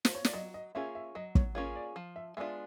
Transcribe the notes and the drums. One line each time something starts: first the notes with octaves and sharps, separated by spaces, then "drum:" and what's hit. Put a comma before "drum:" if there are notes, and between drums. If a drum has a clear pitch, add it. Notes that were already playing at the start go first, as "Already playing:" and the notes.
C5, drum: snare
C#5
D5, drum: snare
F#3 D#5
D#5
A#3 C#4 F4 G#4 E5
E5
F#3 D#5
C#5, drum: kick
A#3 C#4 F4 G#4 C#5
D5
F3
E5
G#3 B3 D4 F4 E5